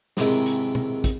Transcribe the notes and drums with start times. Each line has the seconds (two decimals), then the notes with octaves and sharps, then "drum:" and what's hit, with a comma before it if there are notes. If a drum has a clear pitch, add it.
0.17 G#2 C3 D#3 E3 G#3, drum: snare
0.46 drum: hi-hat
0.75 drum: tom B2
1.04 drum: kick, hi-hat